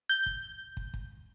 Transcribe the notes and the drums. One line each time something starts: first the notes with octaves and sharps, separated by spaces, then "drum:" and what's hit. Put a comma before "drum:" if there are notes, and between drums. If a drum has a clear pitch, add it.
G6
drum: kick
drum: kick
drum: kick